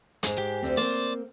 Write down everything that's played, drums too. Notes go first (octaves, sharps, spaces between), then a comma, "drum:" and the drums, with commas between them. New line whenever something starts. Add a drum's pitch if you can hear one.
G#2 G#3, drum: hi-hat
G4
D2 C4
A#3 C4 C5 D5